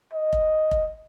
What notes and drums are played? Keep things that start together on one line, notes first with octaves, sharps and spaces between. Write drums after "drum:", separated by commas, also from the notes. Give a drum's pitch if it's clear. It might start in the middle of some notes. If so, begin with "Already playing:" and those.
D#5
drum: kick F1
drum: kick F1